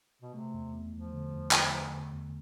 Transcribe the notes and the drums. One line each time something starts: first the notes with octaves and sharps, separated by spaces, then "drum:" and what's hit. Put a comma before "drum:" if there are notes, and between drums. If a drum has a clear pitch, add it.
B2
C3 A3
E2
E2
E2 F3
D3
E2
D3, drum: clap
D3
D3
E2